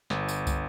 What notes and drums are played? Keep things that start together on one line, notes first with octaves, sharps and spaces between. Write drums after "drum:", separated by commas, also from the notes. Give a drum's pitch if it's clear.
G1, drum: snare
drum: tambourine
drum: kick, tambourine